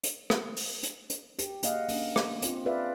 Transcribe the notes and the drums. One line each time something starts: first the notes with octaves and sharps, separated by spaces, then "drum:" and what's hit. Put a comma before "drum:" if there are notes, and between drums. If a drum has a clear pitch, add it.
drum: hi-hat
drum: rim click
drum: open hi-hat
drum: hi-hat
drum: hi-hat
G4, drum: hi-hat
A#3 G#4 D#5 F5 F#5, drum: hi-hat
A#3 C#4 D4, drum: open hi-hat
drum: rim click
C4 F4, drum: hi-hat
F4 G#4 B4 D5 E5 F5